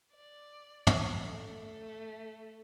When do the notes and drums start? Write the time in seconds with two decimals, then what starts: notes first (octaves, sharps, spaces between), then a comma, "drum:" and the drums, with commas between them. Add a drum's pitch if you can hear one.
0.14 D5
0.87 drum: tom
1.27 A3